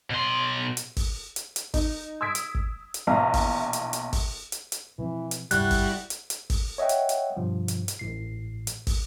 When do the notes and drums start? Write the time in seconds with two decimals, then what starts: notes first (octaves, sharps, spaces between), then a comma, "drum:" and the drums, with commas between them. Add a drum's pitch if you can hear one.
0.10 B2 C6
0.77 drum: hi-hat
0.97 drum: kick, open hi-hat
1.36 drum: hi-hat
1.56 drum: hi-hat
1.74 D#4, drum: kick, open hi-hat
2.21 D#6 E6 G#6 B6 D7
2.35 drum: hi-hat
2.55 drum: kick
2.94 drum: hi-hat
3.07 A#1 B2 E3 E5 F5 A#5
3.34 drum: kick, open hi-hat
3.73 drum: hi-hat
3.93 drum: hi-hat
4.13 drum: kick, open hi-hat
4.52 drum: hi-hat
4.72 drum: hi-hat
4.99 B2 E3 F3 C4
5.31 drum: hi-hat
5.51 D1 G2 C3 G3 E4 F#4 F#6, drum: hi-hat
5.71 drum: kick, open hi-hat
6.10 drum: hi-hat
6.30 drum: hi-hat
6.50 drum: kick, open hi-hat
6.78 C#5 D#5 E5 F#5 G5
6.89 drum: hi-hat
7.09 drum: hi-hat
7.37 G2 B2 F3
7.68 drum: hi-hat
7.88 drum: hi-hat
7.99 A1 A2 C7
8.67 drum: hi-hat
8.87 drum: kick, open hi-hat